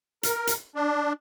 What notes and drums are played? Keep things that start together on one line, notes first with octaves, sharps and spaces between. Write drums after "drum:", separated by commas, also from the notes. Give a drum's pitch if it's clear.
A#4, drum: hi-hat
drum: hi-hat
D4